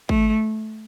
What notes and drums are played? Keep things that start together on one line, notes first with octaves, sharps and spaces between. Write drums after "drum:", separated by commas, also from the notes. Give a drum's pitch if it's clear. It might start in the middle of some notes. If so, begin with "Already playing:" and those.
A3, drum: kick G#1